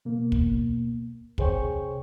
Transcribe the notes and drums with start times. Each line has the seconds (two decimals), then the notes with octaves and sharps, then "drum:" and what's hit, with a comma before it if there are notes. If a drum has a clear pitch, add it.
0.05 B2 A#3
0.32 drum: kick
1.38 C3 G#4 C5 C#5 G5 C#6, drum: kick